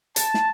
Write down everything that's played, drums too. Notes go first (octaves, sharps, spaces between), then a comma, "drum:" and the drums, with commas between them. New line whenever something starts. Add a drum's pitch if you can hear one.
A5, drum: hi-hat
drum: snare